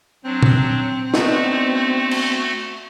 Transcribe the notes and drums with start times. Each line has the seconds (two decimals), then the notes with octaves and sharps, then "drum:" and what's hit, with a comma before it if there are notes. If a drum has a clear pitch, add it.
0.24 F#3 C4 D4
0.42 drum: tom
1.14 A3 B3 D4 D#4 F#4, drum: snare
2.11 drum: cymbal